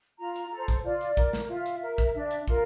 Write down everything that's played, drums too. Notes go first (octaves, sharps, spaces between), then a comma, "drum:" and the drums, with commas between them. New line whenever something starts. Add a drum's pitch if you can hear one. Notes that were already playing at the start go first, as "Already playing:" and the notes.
F4 A#5
drum: hi-hat
A4
C5
drum: kick, hi-hat
F4 D5
drum: hi-hat
A#4, drum: kick
drum: snare
F4 E5
drum: hi-hat
A#4
drum: kick, hi-hat
D4
drum: hi-hat
F4 A#4, drum: kick